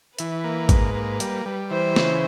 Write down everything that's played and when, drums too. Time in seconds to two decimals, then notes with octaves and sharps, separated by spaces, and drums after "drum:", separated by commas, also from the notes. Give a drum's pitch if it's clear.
0.19 E3 B4, drum: hi-hat
0.44 A#3
0.69 G#2, drum: kick, hi-hat
0.94 A#3
1.20 G3, drum: hi-hat
1.46 G3
1.71 E3 C5
1.96 C#3, drum: snare